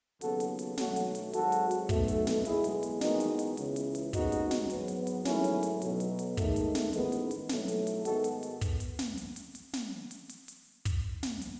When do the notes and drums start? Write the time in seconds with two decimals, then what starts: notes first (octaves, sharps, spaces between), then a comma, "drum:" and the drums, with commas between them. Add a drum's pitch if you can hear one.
0.21 D#2 C#3 F#3 B3 F#4 A4, drum: hi-hat
0.40 drum: hi-hat
0.59 drum: hi-hat
0.77 B1 B2 F#3 A3 F#4 A4, drum: snare
0.96 drum: hi-hat
1.15 drum: hi-hat
1.33 G#1 G#2 F#3 F#4 A4, drum: hi-hat
1.52 drum: hi-hat
1.71 drum: hi-hat
1.89 B1 B2 A3, drum: kick, hi-hat
2.08 drum: hi-hat
2.27 drum: snare
2.45 B1 A2 G#3 B3 E4 G#4, drum: hi-hat
2.64 drum: hi-hat
2.83 drum: hi-hat
3.01 E2 D#3 G#3 B3 D#4 F#4, drum: snare
3.20 drum: hi-hat
3.39 drum: hi-hat
3.57 C#2 C#3 E3, drum: hi-hat
3.76 drum: hi-hat
3.95 drum: hi-hat
4.13 D#2 C#3 G#3 B3 D#4 F#4, drum: kick, hi-hat
4.32 drum: hi-hat
4.51 drum: snare
4.70 G#2 F#3 B3, drum: hi-hat
4.88 drum: hi-hat
5.07 drum: hi-hat
5.25 G#2 D#3 F#3 A3 C#4 E4, drum: snare
5.44 drum: hi-hat
5.63 drum: hi-hat
5.82 B1 B2 F#3, drum: hi-hat
6.00 drum: hi-hat
6.19 drum: hi-hat
6.37 G#2 D#3 A3, drum: kick, hi-hat
6.56 drum: hi-hat
6.75 drum: snare
6.93 A1 G#2 D#3 G#3 B3, drum: hi-hat
7.12 drum: hi-hat
7.31 drum: hi-hat
7.49 B1 A2 F#3 A3, drum: snare
7.68 drum: hi-hat
7.87 drum: hi-hat
8.05 G#2 D#3 G#3 B3 F#4 A4, drum: hi-hat
8.24 drum: hi-hat
8.43 drum: hi-hat
8.61 drum: kick, hi-hat
8.80 drum: hi-hat
8.99 drum: snare
9.17 drum: hi-hat
9.36 drum: hi-hat
9.55 drum: hi-hat
9.73 drum: snare
10.11 drum: hi-hat
10.29 drum: hi-hat
10.48 drum: hi-hat
10.85 drum: kick, hi-hat
11.23 drum: snare
11.41 drum: hi-hat